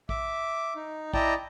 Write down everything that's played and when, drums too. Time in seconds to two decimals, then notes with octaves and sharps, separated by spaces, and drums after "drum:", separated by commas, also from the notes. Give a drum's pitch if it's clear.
0.09 E5 D6, drum: kick A#1
0.76 D#4
1.14 E4 D5 D#5 G5 A5 A#5, drum: kick A#1